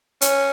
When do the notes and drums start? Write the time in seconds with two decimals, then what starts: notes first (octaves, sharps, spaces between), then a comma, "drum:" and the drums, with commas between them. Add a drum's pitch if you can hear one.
0.21 C#4, drum: hi-hat